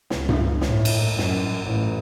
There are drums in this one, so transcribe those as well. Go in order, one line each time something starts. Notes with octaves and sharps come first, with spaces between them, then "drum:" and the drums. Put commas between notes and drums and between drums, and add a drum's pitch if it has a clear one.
C#2, drum: snare
drum: tom G2
A2, drum: snare
drum: cymbal
F#2, drum: snare
A1